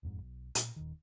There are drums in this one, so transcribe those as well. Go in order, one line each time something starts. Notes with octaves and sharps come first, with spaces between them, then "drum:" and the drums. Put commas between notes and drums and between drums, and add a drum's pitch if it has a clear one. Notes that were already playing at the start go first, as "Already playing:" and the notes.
D#1 F2 G#2
B1
A#2, drum: hi-hat
D#1 D#3